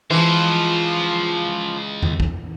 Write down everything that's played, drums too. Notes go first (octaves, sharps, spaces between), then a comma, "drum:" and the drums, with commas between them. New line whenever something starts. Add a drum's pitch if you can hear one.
C#3 E3 F3 G#3 C5
drum: tom E2
drum: kick